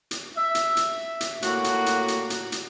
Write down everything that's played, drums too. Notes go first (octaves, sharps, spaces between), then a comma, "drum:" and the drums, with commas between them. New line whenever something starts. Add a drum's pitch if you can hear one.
drum: hi-hat
E5
drum: hi-hat
drum: hi-hat
drum: hi-hat
A2 A#3 F#4, drum: hi-hat
drum: hi-hat
drum: hi-hat
drum: hi-hat
drum: hi-hat
drum: hi-hat